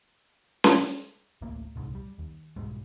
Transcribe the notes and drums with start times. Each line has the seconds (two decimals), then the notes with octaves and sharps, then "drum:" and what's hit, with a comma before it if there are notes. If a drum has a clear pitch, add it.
0.64 drum: snare C#4
1.42 D1 A1 A3 A#3
1.76 D#1 C2 G#2
1.95 G3
2.18 D#2
2.56 B1 G#2 G3 G#3